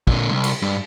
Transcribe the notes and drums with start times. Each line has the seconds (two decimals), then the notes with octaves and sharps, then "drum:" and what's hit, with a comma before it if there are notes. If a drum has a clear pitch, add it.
0.07 A#2 D3, drum: kick
0.31 C2
0.44 drum: cymbal
0.62 G2